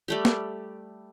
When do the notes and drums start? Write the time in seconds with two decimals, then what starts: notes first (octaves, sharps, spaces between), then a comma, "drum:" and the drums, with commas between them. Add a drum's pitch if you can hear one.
0.08 G3 A3 G4
0.25 drum: snare